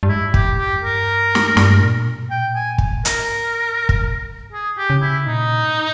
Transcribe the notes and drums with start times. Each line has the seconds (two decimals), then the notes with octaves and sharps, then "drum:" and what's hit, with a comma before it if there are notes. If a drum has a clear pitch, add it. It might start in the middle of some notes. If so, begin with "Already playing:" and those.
0.03 G2
0.09 G#2 E4
0.34 G4, drum: kick
0.58 G4
0.73 E2
0.82 G2 A#4
1.35 drum: snare
1.57 G2, drum: snare
1.82 A#2
2.06 B2
2.30 A#2 G5
2.55 G#5
2.78 drum: kick
3.05 G#2 A#4, drum: hi-hat
3.89 drum: kick
4.53 G#4
4.78 G4
4.90 C#3
5.02 E4
5.26 A#2 D#4
5.64 G#2